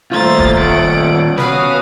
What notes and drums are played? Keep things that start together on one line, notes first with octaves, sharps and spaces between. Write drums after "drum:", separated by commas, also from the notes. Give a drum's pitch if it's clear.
D#2 A3 F4 C5 A#5 A6
drum: kick
F2 F3 A3 F#5 D7
B3 C#4 F#4 B4 F5 D#6, drum: snare